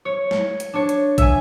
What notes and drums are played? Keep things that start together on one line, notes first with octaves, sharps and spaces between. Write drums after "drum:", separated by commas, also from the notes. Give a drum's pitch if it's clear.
C#5
drum: snare
drum: hi-hat
D4 C#5
drum: hi-hat
E5 G#5, drum: kick, hi-hat